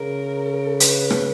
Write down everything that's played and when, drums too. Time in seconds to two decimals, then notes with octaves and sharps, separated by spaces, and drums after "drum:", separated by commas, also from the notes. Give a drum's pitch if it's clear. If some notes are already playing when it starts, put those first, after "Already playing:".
Already playing: C#3 A#4
0.80 B4, drum: hi-hat
1.10 drum: rim click